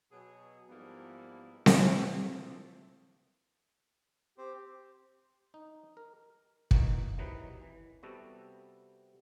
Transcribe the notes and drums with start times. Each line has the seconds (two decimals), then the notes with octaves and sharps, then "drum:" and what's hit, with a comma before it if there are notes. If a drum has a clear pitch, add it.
0.12 B2 F#3 G#4
0.69 G#2 F3 G3 A#3 B3 E4
1.66 drum: snare C4
1.85 D3 E3 F3 A3 A#3 C4
4.38 C4 G4 C5
5.54 D#4
5.97 A#4
6.71 B2 E3 A#3 D#4 F#4, drum: kick
7.18 C3 D#3 E3 F#3 D#4 B4
7.61 E3
8.03 C3 G3 B3 F#4 A4